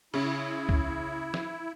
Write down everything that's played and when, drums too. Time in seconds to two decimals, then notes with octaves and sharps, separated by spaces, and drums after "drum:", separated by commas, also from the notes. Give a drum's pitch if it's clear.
0.14 C#3 E4, drum: cymbal
0.69 drum: kick C2
1.34 drum: snare